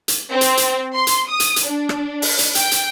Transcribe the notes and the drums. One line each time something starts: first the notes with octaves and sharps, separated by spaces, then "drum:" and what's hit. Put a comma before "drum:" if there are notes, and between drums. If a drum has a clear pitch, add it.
drum: hi-hat
C4
drum: hi-hat
drum: hi-hat
C6
drum: hi-hat
D#6
drum: hi-hat
drum: hi-hat
D4
drum: rim click
drum: open hi-hat
drum: hi-hat
G5, drum: hi-hat
drum: hi-hat